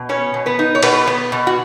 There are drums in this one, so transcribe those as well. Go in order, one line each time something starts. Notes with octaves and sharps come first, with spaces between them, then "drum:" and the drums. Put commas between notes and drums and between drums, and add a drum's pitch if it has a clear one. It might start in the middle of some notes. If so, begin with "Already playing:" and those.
Already playing: B2
B3 C#4 C#5
B2
B3 B4
D#4
C#5
B2 B3 B4, drum: cymbal
B3
B2
F#4